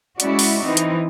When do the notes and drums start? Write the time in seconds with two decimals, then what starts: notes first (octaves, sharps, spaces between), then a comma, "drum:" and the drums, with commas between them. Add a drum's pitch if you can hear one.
0.20 G#3 C#4 E4 F#4 D5 E5, drum: hi-hat
0.39 drum: open hi-hat
0.62 E3 C4 D#4
0.77 drum: hi-hat